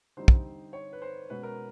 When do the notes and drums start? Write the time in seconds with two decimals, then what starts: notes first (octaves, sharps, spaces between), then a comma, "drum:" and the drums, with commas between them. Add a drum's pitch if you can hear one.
0.17 D3 G3 C4 D#4 C5
0.28 drum: kick
0.73 C#5
0.93 B4
1.02 C5
1.30 B2 G#3 C#4 B4
1.43 A#4